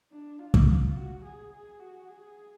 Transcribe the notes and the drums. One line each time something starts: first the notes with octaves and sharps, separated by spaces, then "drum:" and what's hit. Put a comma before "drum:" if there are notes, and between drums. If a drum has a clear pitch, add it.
D4
F4
drum: kick
F4
F#4
G#4
G#4
F#4
G#4